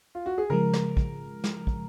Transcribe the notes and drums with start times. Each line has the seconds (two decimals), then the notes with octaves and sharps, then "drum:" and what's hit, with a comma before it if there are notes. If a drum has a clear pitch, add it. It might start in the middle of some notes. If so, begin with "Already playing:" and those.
0.15 F4
0.26 F#4
0.38 G#4
0.50 C#3 F3 G#3 A#4
0.73 drum: snare
0.97 drum: kick
1.44 drum: snare
1.67 drum: kick